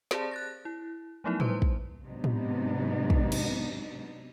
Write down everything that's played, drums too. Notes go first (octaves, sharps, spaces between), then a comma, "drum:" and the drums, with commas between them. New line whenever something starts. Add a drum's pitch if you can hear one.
C4 G4 G#4 C5 D5 A5, drum: snare
F#6 A6 A#6
E4
F3 F#3 A3 B3 D#4 E4
G3 B4 C5 C6, drum: tom A2
drum: kick
G#2 C3 F#3 B3 D4 D#4
drum: tom A2
drum: kick
drum: cymbal